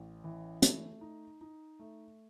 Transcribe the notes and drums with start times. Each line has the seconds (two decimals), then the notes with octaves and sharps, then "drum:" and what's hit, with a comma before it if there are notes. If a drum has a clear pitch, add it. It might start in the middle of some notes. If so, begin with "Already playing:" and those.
Already playing: A1
0.24 E3
0.62 A3, drum: hi-hat
1.01 D#4
1.41 D#4
1.80 A3